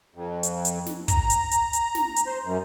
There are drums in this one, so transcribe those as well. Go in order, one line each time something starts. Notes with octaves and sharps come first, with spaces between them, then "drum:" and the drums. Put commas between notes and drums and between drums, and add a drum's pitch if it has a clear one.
F2
drum: hi-hat
drum: hi-hat
drum: snare
A#5, drum: kick, hi-hat
drum: hi-hat
drum: hi-hat
drum: hi-hat
drum: snare
drum: hi-hat
C5
F#2